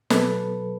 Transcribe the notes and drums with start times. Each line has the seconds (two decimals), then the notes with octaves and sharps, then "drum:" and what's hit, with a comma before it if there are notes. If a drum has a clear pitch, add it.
0.10 B2 F#3 A4 B4, drum: snare